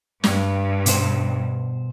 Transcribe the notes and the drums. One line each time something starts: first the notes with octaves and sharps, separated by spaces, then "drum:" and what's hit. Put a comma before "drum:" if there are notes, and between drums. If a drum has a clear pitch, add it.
G2, drum: snare
B2 C5, drum: hi-hat